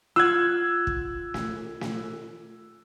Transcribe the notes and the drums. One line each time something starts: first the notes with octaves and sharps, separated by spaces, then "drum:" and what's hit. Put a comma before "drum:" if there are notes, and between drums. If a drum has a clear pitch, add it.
F4 F#5 E6 F#6 G#6
drum: kick
drum: snare
drum: snare